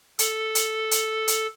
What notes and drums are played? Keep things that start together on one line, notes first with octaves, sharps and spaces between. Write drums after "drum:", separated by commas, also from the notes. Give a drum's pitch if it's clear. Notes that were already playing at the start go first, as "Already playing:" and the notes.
A4, drum: hi-hat
drum: hi-hat
drum: hi-hat
drum: hi-hat